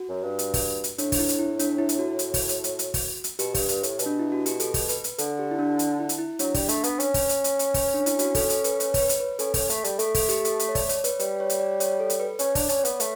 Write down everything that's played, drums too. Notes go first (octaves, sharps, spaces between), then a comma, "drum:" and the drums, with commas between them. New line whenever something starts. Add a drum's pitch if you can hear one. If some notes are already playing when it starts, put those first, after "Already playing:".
Already playing: F#4
F#2
G2
drum: hi-hat
drum: kick, open hi-hat
drum: hi-hat
A2 D4, drum: hi-hat
D4, drum: kick, open hi-hat
E4
drum: hi-hat
E4
D4, drum: hi-hat
E4
drum: hi-hat
F#4
drum: hi-hat
drum: kick, open hi-hat
drum: hi-hat
drum: hi-hat
drum: hi-hat
drum: kick, open hi-hat
drum: hi-hat
B2 G4, drum: hi-hat
G2, drum: kick, open hi-hat
G2, drum: hi-hat
A2, drum: hi-hat
B2, drum: hi-hat
D4
E4
F#4
G4, drum: hi-hat
A4, drum: hi-hat
drum: kick, open hi-hat
B4, drum: hi-hat
drum: hi-hat
D3 A4, drum: hi-hat
G4
E4
D4
drum: hi-hat
E4
drum: hi-hat
E4
F#3 D4, drum: hi-hat
G3, drum: kick, open hi-hat
A3 D4, drum: hi-hat
B3, drum: hi-hat
C#4, drum: hi-hat
drum: kick, open hi-hat
drum: hi-hat
drum: hi-hat
drum: hi-hat
drum: kick, open hi-hat
D4
E4, drum: hi-hat
F#4, drum: hi-hat
A4, drum: kick, open hi-hat
A4, drum: hi-hat
B4, drum: hi-hat
C#5, drum: hi-hat
C#5, drum: kick, open hi-hat
B4
drum: hi-hat
B4
C#4 A4, drum: hi-hat
C#4, drum: kick, open hi-hat
A3, drum: hi-hat
G3, drum: hi-hat
A3 A4, drum: hi-hat
A4, drum: kick, open hi-hat
G4, drum: hi-hat
A4, drum: hi-hat
drum: hi-hat
C#5
D5, drum: kick, open hi-hat
C#5, drum: hi-hat
B4, drum: hi-hat
G3 B4, drum: hi-hat
C#5
drum: hi-hat
D5
C#5, drum: hi-hat
A4
drum: hi-hat
B4
C#4 C#5, drum: hi-hat
D4 D5, drum: kick, open hi-hat
C#4, drum: hi-hat
C#5
B3, drum: hi-hat
A3 B4, drum: hi-hat